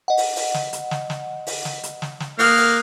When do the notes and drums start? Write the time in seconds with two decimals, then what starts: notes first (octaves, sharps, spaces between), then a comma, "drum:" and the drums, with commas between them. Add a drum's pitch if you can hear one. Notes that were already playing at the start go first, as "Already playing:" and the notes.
0.08 D#5 F#5
0.17 drum: open hi-hat
0.36 drum: open hi-hat
0.54 drum: snare
0.73 drum: hi-hat
0.91 drum: snare
1.10 drum: snare
1.47 drum: open hi-hat
1.65 drum: snare
1.83 drum: hi-hat
2.02 drum: snare
2.20 drum: snare
2.39 A#3 D#6 F6 F#6 C7, drum: open hi-hat
2.57 drum: open hi-hat